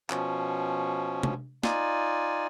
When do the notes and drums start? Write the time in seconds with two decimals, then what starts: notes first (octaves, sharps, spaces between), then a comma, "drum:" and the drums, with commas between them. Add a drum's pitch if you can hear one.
0.10 B2 F3 C#4, drum: clap
1.23 drum: tom C3
1.63 D#4 F4 D5 G#5, drum: snare